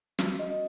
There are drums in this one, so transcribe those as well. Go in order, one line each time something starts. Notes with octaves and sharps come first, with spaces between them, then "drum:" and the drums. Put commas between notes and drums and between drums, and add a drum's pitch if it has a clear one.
F#4, drum: snare
D#5
C#4